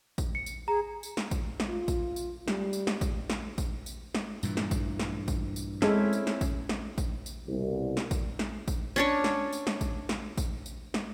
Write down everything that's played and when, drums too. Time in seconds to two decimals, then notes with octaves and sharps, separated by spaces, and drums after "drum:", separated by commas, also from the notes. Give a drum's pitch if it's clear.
0.18 drum: kick A1, tambourine
0.35 C#7
0.46 drum: tambourine
0.68 G#4 A#5
1.03 drum: tambourine
1.17 drum: snare
1.31 drum: kick A1, tambourine
1.60 drum: snare
1.69 F4
1.88 drum: kick A1, tambourine
2.16 drum: tambourine
2.48 G3, drum: snare
2.73 drum: tambourine
2.87 drum: snare
3.01 drum: kick A1, tambourine
3.30 drum: snare
3.58 drum: kick A1, tambourine
3.86 drum: tambourine
4.15 drum: snare
4.43 G2 A#2 E3, drum: tambourine
4.57 drum: snare
4.71 drum: kick A1, tambourine
4.99 drum: snare
5.28 drum: kick A1, tambourine
5.56 drum: tambourine
5.82 G#3 C4 C#4 E4 A4, drum: snare
6.13 drum: tambourine
6.27 drum: snare
6.41 drum: kick A1, tambourine
6.69 drum: snare
6.98 drum: kick A1, tambourine
7.26 drum: tambourine
7.48 C2 B2
7.97 drum: snare
8.11 drum: kick A1, tambourine
8.39 drum: snare
8.68 drum: kick A1, tambourine
8.96 C#4 D4 C#5
9.24 drum: snare
9.53 drum: tambourine
9.67 drum: snare
9.81 drum: kick A1, tambourine
10.09 drum: snare
10.38 drum: kick A1, tambourine
10.66 drum: tambourine
10.94 drum: snare